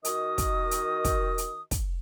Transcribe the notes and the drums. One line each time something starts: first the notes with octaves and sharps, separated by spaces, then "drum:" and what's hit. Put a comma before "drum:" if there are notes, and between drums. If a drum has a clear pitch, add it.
D#3 F#4 A#4 D#5 D#6, drum: hi-hat
drum: kick, hi-hat
drum: hi-hat
drum: kick, hi-hat
drum: hi-hat
drum: kick, hi-hat